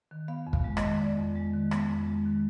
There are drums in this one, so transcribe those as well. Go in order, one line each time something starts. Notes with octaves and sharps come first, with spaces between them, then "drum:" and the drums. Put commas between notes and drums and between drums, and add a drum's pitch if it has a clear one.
D#3
B3 F5
F2
F5, drum: kick
G#3
D#5, drum: rim click
D#3
B3 D5
F2
G#3
D#3
B3, drum: rim click
F2
G#3
D#3